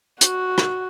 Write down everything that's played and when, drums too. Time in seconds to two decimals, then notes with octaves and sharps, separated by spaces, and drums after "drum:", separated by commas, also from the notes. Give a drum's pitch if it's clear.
0.21 F#4, drum: hi-hat
0.58 drum: rim click